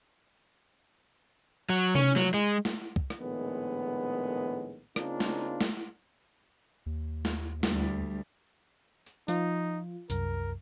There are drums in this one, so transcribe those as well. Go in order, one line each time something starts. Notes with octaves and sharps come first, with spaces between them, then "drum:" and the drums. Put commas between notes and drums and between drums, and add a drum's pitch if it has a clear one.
F#3
C#4, drum: tom C3
F#3, drum: snare
G#3
drum: snare
drum: kick
drum: rim click
A#1 A2 D#3 G#3 B3
C#3 A#3 C4 D4 D#4 F4, drum: rim click
drum: snare
drum: snare
D#2
drum: snare
D2 G3, drum: snare
drum: tambourine
F3 D#4 F4, drum: hi-hat
C2 F#2 A#4, drum: hi-hat